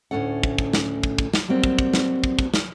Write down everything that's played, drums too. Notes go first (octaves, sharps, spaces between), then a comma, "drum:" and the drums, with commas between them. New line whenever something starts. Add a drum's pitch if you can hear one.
D2 A2 F3 C#4 A4 F#5
drum: kick
drum: kick
drum: snare
drum: kick
drum: kick
drum: snare
F#3 G3 A#3 C4
drum: kick
drum: kick
drum: snare
drum: kick
drum: kick
drum: snare